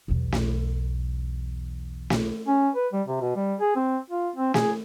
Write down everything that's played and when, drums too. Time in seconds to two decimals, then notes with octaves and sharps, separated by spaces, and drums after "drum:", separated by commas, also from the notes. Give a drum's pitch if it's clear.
0.08 B1 E2
0.32 drum: snare
2.10 drum: snare
2.47 C#4
2.75 B4
2.92 G3
3.07 C3
3.21 B2
3.36 G3
3.60 G#4
3.76 C4
4.10 F4
4.36 C4
4.54 G#4, drum: snare